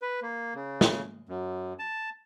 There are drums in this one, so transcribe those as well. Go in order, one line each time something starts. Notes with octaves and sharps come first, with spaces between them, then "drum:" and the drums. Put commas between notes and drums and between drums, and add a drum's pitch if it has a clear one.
B4
A#3
C#3
drum: snare
F#2
A5